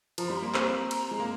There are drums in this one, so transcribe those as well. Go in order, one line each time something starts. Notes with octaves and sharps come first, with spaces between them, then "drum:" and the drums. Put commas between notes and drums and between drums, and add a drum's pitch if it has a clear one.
F3 A#5, drum: cymbal
G3 C6
A#5
A#3 C6
C4 A#5, drum: clap
drum: cymbal
G#3
A#3